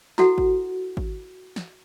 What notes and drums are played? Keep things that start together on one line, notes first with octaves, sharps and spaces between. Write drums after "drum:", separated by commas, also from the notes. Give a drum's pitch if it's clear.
E4 F#4 A4 F#5, drum: snare
drum: kick G#1
drum: kick G#1
drum: snare